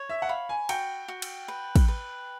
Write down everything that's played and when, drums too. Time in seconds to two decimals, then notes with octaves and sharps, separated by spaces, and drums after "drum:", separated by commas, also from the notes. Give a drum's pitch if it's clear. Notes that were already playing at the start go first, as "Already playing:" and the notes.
Already playing: C#5
0.09 E5
0.22 F#5
0.29 F5 B5
0.49 G#5
0.69 F#4 G5, drum: cymbal
1.08 F#4
1.22 drum: cymbal
1.48 B4
1.76 drum: kick, cymbal
1.88 B4